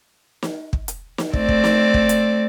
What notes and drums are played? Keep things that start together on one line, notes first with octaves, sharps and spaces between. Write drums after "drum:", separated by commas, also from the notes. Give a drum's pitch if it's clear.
drum: snare
drum: kick
drum: hi-hat
drum: snare
A3 C4 D5, drum: kick
drum: kick
drum: snare
drum: kick
drum: hi-hat